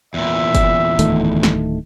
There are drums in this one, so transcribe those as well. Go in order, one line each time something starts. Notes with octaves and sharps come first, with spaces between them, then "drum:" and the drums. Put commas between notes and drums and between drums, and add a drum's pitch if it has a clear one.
E2 A#2 E5
drum: kick, hi-hat
D1 D#3 A3, drum: hi-hat
drum: snare